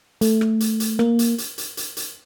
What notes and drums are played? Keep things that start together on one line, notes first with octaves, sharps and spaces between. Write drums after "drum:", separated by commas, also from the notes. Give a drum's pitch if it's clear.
A3, drum: hi-hat
drum: rim click
drum: hi-hat
drum: hi-hat
A#3, drum: rim click
drum: hi-hat
drum: hi-hat
drum: hi-hat
drum: hi-hat
drum: hi-hat